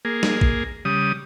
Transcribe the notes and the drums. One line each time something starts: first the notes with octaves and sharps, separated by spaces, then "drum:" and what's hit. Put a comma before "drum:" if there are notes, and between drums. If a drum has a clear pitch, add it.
A#3 G#4
drum: snare
drum: kick A#1
C#3 G3 D#6